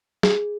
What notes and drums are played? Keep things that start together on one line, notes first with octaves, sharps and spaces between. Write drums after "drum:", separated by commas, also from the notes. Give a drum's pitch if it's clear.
G#4, drum: snare